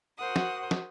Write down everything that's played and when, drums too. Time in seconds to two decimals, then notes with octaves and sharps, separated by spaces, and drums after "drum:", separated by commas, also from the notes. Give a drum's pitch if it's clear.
0.18 F#4 A#4 C5 F#5 D#6
0.36 drum: snare
0.71 drum: snare